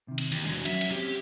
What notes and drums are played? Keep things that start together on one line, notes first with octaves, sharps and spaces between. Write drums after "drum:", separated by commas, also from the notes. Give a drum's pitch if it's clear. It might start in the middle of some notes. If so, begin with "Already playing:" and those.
C3 D#3
drum: cymbal
D#2 E3, drum: cymbal
E2 G#3 D4 F#4
F#3 C#4 F#4 E5, drum: cymbal
drum: cymbal
C4 C#4 G4